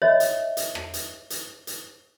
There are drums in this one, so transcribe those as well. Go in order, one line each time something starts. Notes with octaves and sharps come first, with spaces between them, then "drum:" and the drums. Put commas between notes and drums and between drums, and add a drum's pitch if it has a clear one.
C#5 D#5 E5
drum: hi-hat
drum: hi-hat
drum: rim click
drum: hi-hat
drum: hi-hat
drum: hi-hat